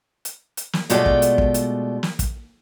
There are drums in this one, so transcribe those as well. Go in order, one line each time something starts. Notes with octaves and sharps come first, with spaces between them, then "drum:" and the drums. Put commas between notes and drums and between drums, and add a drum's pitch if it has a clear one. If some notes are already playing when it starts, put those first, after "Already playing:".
drum: hi-hat
drum: hi-hat
drum: snare
B2 G#3 A3 F4 D5 G5, drum: hi-hat
drum: kick
drum: hi-hat
drum: kick
drum: hi-hat
drum: snare
drum: kick, hi-hat